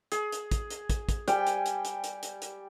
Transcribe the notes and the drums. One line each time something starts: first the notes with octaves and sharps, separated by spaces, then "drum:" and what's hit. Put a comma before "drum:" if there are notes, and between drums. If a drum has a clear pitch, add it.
G#4, drum: hi-hat
drum: hi-hat
drum: kick, hi-hat
drum: hi-hat
drum: kick, hi-hat
drum: kick, hi-hat
G3 G5 G#5, drum: hi-hat
drum: hi-hat
drum: hi-hat
drum: hi-hat
drum: hi-hat
drum: hi-hat
drum: hi-hat